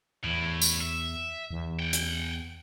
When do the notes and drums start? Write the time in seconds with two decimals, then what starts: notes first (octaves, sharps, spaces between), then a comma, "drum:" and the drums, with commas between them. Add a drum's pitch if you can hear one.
0.24 E2 A2
0.62 drum: tambourine
0.81 E5
1.51 E2
1.80 F#5 G5
1.93 drum: hi-hat